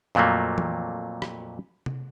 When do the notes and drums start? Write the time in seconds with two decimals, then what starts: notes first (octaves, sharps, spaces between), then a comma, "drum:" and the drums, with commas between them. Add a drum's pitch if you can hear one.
0.15 F2 A#2 F#3 A3 A#3
0.58 drum: tom E3
1.22 drum: rim click
1.86 drum: tom C3